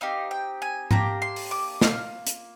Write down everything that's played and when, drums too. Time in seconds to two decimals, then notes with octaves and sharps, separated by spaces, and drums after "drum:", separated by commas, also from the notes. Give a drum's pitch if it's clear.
0.01 C4 D#4 G4 F5
0.31 G5
0.62 G#5
0.91 A#3 D4 G4 A#5, drum: tom G#2
1.22 C6
1.36 drum: open hi-hat
1.51 D6
1.81 A#3 F4 F6, drum: snare
2.27 drum: hi-hat